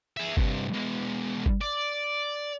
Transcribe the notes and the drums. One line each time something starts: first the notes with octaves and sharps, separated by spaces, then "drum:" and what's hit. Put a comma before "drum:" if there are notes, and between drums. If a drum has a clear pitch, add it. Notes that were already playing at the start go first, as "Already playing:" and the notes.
G#4 E5
C2 G2, drum: kick G1
B2 G#3
drum: kick G1
D5